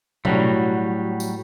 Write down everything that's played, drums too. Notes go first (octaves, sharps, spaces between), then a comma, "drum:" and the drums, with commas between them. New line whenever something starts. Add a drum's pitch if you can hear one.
A2 F#3 G3, drum: tom B2
drum: tambourine